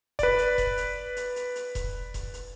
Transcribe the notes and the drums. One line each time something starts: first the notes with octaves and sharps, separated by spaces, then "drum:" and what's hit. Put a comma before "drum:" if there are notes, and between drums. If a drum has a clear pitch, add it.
B4 D5, drum: kick E1, hi-hat
drum: hi-hat
drum: kick E1, hi-hat
drum: hi-hat
drum: hi-hat
drum: hi-hat
drum: hi-hat
drum: kick E1, hi-hat
drum: kick E1, hi-hat
drum: hi-hat